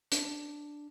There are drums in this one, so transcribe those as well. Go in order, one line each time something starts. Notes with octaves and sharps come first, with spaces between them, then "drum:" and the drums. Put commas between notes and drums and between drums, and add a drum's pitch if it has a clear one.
D4, drum: hi-hat